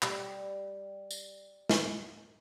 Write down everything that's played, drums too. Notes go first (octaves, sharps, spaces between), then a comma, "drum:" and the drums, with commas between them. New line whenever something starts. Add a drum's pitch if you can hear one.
G3 G4, drum: clap
drum: tambourine
drum: snare